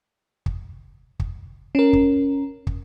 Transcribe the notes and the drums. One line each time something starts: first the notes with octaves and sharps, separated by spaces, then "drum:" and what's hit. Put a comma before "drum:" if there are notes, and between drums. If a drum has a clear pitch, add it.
drum: kick
drum: kick
C#4 A#4
drum: kick
drum: kick